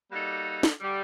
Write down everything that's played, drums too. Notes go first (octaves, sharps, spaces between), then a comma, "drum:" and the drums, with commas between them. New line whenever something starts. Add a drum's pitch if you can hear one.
G3 A#3 D#4 F#4 A4
drum: snare
D3 G3